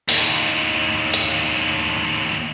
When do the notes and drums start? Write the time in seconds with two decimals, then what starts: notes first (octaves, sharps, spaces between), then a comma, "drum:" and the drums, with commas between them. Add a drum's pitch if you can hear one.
0.09 D#2 A2, drum: open hi-hat
1.14 drum: hi-hat